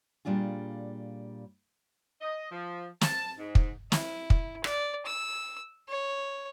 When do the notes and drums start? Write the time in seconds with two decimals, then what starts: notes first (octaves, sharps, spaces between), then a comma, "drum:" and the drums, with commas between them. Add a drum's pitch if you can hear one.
0.25 A#2 G3 D4 F4 G#4
2.21 D#5
2.51 F3
3.01 A5, drum: snare
3.39 G#2
3.55 drum: kick
3.92 E4, drum: snare
4.30 drum: kick
4.64 D5, drum: rim click
5.06 E6
5.88 C#5